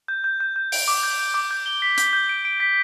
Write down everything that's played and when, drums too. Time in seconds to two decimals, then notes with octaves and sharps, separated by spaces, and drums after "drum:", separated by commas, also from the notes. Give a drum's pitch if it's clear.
0.08 G6
0.24 G6
0.41 G6
0.56 G6
0.72 D7, drum: open hi-hat
0.88 D6
1.03 G6
1.19 G6
1.34 D6
1.51 G6
1.66 G7
1.82 B6
1.98 G6, drum: hi-hat
2.13 G6
2.29 D7
2.45 D7
2.60 B6